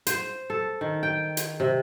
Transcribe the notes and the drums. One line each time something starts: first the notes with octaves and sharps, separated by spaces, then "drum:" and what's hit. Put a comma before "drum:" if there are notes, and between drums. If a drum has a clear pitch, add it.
C5, drum: hi-hat
A4
D#3
G5
drum: hi-hat
C3